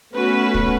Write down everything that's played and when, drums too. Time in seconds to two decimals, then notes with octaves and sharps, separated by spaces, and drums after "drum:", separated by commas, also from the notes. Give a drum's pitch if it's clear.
0.13 A3 B3 C#4 F#4 B4
0.54 drum: kick